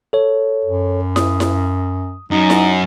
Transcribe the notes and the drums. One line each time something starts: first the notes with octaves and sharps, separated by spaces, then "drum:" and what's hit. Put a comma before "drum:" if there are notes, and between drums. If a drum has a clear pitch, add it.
A4 C#5
F#2
D#6, drum: snare E4
drum: snare E4
F#2 D#4
drum: snare E4